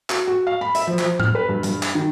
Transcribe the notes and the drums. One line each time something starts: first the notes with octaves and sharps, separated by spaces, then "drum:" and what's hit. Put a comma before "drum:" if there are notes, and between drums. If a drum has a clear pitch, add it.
F#4, drum: clap
F#4
F5
B5
E5, drum: hi-hat
F3
F3, drum: clap
F6, drum: tom A2
B4
G2
G2, drum: hi-hat
drum: clap
D#3